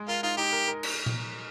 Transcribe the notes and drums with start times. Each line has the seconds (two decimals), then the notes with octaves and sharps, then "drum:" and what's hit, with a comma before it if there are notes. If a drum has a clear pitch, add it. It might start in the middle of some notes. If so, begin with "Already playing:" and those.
Already playing: G#3
0.08 F4 A#4
0.23 D#4 F4
0.37 D#4 G4
0.52 A#4
0.68 A#4
0.83 drum: cymbal
1.06 drum: tom A#2